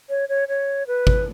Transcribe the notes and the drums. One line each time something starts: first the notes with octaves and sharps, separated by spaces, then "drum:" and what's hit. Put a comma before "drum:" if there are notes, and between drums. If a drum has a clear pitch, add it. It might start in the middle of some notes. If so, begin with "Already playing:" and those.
C#5
C#5
C#5
B4
drum: kick